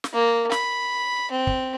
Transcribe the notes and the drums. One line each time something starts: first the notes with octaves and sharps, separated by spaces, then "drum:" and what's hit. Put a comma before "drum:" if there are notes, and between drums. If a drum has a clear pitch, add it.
drum: snare
A#3
B5, drum: snare
C4
drum: kick